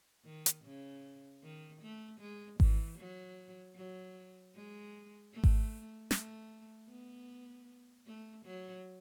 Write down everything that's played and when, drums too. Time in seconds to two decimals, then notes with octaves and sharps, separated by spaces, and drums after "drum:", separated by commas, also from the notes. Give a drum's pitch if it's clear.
0.25 D#3
0.46 drum: hi-hat
0.64 C#3
1.43 D#3
1.82 A3
2.20 G#3
2.60 E3, drum: kick G#1
2.98 F#3
3.76 F#3
4.55 G#3
5.33 A3
5.44 drum: kick G#1
6.11 A3, drum: snare
6.89 B3
8.06 A3
8.45 F#3